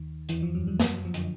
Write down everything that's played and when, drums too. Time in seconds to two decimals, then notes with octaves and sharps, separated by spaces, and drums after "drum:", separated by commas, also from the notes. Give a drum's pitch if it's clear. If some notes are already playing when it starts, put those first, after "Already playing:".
Already playing: D#2 D#3
0.29 E2 E3, drum: hi-hat
0.42 F2 F3
0.54 F#2 F#3
0.67 G2 G3
0.80 F#2 F#3, drum: snare
1.04 F2 F3
1.14 D3, drum: hi-hat